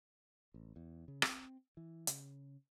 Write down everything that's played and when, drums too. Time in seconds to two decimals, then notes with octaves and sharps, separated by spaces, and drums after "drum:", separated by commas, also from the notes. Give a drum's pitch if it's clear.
0.54 A1
0.76 E2
1.08 C#3
1.22 C4, drum: rim click
1.77 E3
2.07 C#3, drum: hi-hat